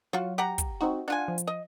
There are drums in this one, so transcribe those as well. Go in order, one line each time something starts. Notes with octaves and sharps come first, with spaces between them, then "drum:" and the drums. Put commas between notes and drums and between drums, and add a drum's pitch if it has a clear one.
F#3 F4 F#4
G4 F#5 A#5
drum: kick, hi-hat
C4 D#4 F#4
D4 F4 F#5 G#5
F3
drum: hi-hat
D#5